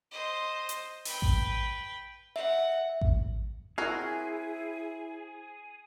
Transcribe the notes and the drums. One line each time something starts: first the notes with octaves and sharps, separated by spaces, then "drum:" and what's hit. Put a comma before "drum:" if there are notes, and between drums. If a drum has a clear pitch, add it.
C5 D#5
drum: hi-hat
B4 G5, drum: open hi-hat
drum: kick A1
E5 F#5
drum: kick A1
C4 E4 F#4 G#4 A#4